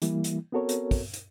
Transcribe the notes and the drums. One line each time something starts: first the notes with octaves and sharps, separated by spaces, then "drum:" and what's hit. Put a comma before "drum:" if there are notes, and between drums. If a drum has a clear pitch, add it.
E3 G3 A#3 E4, drum: hi-hat
drum: hi-hat
B3 C4 F#4 A4 A#4 C#5
drum: hi-hat
drum: kick, open hi-hat
drum: hi-hat